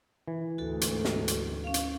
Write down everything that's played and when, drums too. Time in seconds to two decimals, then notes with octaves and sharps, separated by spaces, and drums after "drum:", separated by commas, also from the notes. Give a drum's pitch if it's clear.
0.28 E3
0.58 D2 G#2 F#4 A4
0.81 drum: hi-hat
1.05 drum: snare
1.28 drum: hi-hat
1.64 C#4 F5
1.74 drum: hi-hat